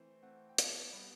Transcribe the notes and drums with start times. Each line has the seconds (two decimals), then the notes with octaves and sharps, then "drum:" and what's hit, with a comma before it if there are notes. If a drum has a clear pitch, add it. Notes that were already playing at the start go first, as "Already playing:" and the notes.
Already playing: E3 A3 C4 C5
0.22 A3 C4 F#5
0.49 G5
0.58 B2 A5, drum: hi-hat
0.93 G3 B5
0.98 B3